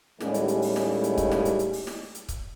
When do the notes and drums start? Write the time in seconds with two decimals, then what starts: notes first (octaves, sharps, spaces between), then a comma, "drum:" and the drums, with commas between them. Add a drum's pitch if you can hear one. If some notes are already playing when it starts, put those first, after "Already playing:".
0.20 D#2 A2 G3 G#3 C#4, drum: snare
0.34 drum: hi-hat
0.48 drum: hi-hat
0.62 drum: open hi-hat
0.76 drum: snare
1.04 drum: hi-hat
1.18 drum: kick C#1, hi-hat
1.31 drum: snare
1.45 drum: hi-hat
1.59 drum: hi-hat
1.73 drum: open hi-hat
1.87 drum: snare
2.15 drum: hi-hat
2.29 drum: kick C#1, hi-hat